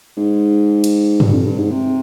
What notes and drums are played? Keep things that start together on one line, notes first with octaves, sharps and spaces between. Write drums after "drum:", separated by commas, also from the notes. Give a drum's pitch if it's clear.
G#2
drum: cymbal
G2, drum: tom G2
F2
G2
G#2
C3